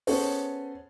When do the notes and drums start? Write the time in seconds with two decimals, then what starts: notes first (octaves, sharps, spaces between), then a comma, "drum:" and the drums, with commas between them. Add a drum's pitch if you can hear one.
0.07 B3 C#4 G#4 A4 C5 C#5, drum: open hi-hat